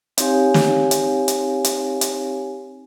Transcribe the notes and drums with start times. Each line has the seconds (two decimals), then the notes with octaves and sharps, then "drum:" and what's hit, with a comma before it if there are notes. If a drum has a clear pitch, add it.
0.18 C4 D#4 G4 C#5 F5 G#5, drum: hi-hat
0.54 drum: snare
0.91 drum: hi-hat
1.28 drum: hi-hat
1.64 drum: hi-hat
2.01 drum: hi-hat